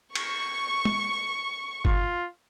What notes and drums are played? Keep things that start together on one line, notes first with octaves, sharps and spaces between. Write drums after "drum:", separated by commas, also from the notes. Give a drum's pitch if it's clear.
C#6, drum: cymbal
drum: tom
F4, drum: kick G1